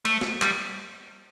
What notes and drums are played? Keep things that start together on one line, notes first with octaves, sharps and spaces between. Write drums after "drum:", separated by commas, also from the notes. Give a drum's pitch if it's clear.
A3, drum: cymbal
drum: snare
G3, drum: clap